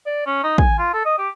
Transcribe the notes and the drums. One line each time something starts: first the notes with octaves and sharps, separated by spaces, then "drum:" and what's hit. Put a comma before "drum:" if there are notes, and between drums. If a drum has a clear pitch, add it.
D5
C#4
D#4
G#5, drum: kick
F4
A4
D#5
G4